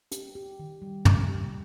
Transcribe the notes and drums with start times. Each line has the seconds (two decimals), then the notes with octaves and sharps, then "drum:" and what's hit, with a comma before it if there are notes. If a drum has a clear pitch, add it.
0.12 G4, drum: hi-hat
0.35 G4
0.59 D#3
0.82 G3
1.05 G3, drum: tom
1.29 G4